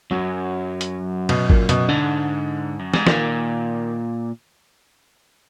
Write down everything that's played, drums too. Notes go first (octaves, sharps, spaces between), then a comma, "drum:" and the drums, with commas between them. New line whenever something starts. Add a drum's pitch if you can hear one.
F#2 F#3
drum: hi-hat
B2, drum: cymbal
A#2, drum: kick G#1
B2, drum: hi-hat
G#2 D3
F#2
G#2, drum: snare
A#2 D#3, drum: snare